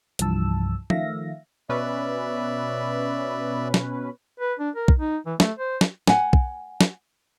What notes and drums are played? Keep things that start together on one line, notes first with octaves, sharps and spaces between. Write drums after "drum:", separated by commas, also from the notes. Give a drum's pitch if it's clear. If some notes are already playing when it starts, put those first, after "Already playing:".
C2 G2 E3 F3 A5 E6, drum: hi-hat
D#3 F3 A3 E5 F5 A#6, drum: tom F3
B2 C#4 B4 D5 E5
drum: snare
B4
D4
A#4
drum: kick
D#4
E3
A3, drum: snare
C5
drum: snare
F#5 G#5, drum: snare
drum: kick
drum: snare